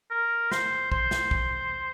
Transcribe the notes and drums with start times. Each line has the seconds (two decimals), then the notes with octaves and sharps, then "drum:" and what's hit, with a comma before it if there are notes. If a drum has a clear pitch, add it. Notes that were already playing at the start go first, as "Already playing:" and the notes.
0.11 A#4
0.51 C5, drum: snare
0.92 C5, drum: kick
1.11 drum: snare
1.31 drum: kick